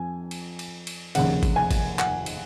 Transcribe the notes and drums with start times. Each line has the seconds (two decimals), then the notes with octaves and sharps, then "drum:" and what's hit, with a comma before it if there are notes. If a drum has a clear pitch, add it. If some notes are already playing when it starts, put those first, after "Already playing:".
Already playing: F2 G#5
0.31 drum: cymbal
0.59 drum: cymbal
0.87 drum: cymbal
1.15 F1 D#2 C#3 F#5, drum: cymbal
1.43 drum: kick, cymbal
1.56 G#5
1.71 drum: kick, cymbal
1.99 F#5, drum: clap
2.26 drum: cymbal